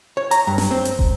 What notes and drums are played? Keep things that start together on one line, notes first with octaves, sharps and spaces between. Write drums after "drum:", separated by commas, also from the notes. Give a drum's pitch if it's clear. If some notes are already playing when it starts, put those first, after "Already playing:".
C#5
A#5, drum: hi-hat
G2
drum: snare
C4
drum: hi-hat
drum: kick